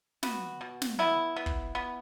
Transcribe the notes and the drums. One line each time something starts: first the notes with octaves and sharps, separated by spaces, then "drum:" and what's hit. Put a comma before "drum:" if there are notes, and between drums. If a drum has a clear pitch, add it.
B3 F#4, drum: snare
B2
drum: snare
B3 E4
B3
drum: kick
B3